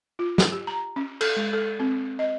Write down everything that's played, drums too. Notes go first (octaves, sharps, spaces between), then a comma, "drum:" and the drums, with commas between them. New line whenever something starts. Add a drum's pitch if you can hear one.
F4
drum: snare
G4
A#5
C#4
A4, drum: cymbal
G#3
A4
C4
D#5